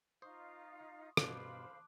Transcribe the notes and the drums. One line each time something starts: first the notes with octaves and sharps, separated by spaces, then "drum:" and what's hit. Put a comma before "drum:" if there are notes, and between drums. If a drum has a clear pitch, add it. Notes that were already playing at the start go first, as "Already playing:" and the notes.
D#4 F4 C5 F5 C6 C#6 D#6
G2 B2 C5 F5 A5 B5 D6 F#6, drum: rim click